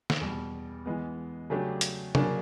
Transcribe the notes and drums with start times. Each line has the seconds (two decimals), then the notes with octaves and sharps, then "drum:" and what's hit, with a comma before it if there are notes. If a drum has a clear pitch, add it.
0.10 drum: snare
0.21 E2 B2 G3
0.86 E3 G#3 B3
1.50 C#3 F#3 A3 D4 G4
1.81 drum: hi-hat
2.15 C#3 F#3 A#3 D4, drum: tom C3